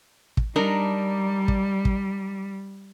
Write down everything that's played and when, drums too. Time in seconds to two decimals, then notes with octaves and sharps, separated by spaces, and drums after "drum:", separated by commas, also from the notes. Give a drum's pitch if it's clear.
0.37 drum: kick
0.56 G3 D4 D#4 A#4
1.48 drum: kick
1.85 drum: kick